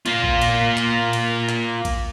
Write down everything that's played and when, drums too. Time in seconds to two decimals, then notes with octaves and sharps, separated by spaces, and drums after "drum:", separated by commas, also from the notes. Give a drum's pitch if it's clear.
0.06 A#3 F4, drum: cymbal
0.24 drum: kick
0.41 drum: cymbal
0.77 drum: clap
1.13 drum: cymbal
1.49 drum: clap
1.85 drum: kick, cymbal